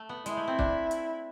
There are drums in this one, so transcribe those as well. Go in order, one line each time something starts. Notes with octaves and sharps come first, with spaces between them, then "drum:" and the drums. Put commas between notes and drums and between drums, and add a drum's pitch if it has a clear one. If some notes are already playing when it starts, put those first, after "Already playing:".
Already playing: A3
B3
G#3 E4, drum: hi-hat
A3
C4
D4, drum: kick
drum: hi-hat